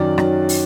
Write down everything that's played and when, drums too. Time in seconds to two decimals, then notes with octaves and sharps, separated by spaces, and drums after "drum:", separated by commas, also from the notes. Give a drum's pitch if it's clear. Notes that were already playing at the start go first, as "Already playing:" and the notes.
Already playing: F#2 D#3 F#3 D5
0.18 D#3 F#3, drum: rim click
0.49 drum: open hi-hat